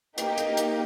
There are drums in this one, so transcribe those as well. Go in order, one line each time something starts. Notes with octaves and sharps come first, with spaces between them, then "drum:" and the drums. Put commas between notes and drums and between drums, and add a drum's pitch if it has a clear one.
A#3 D#4 G4, drum: hi-hat
drum: hi-hat
drum: hi-hat